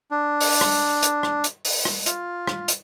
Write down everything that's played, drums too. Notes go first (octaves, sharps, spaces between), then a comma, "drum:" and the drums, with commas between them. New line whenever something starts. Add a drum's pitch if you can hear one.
D4
drum: open hi-hat
drum: rim click
drum: hi-hat
drum: rim click
drum: hi-hat
drum: open hi-hat
drum: rim click
F4, drum: hi-hat
drum: rim click
drum: hi-hat